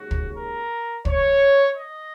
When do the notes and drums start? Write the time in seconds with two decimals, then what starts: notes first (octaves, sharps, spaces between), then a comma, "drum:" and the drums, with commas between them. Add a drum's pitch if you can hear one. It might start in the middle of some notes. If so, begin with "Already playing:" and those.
Already playing: D#2 C#3 G#3 F#4
0.11 drum: kick
0.35 A#4
1.05 C#5, drum: kick
1.75 D#5